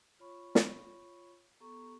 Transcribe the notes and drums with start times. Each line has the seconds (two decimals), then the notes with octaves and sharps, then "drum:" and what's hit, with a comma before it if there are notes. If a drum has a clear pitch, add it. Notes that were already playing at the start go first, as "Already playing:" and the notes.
0.19 F4 C#5 B5 C#6
0.55 drum: snare
1.60 B3 G4 A4 A#5 B5 C#6